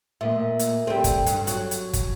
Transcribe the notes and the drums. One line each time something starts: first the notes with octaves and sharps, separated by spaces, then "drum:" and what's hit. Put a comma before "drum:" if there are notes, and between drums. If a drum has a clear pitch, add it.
A#2 A3 A#4 E5
drum: hi-hat
G3 C4 A4
drum: kick, hi-hat
G2, drum: hi-hat
F#3, drum: hi-hat
drum: hi-hat
drum: kick, hi-hat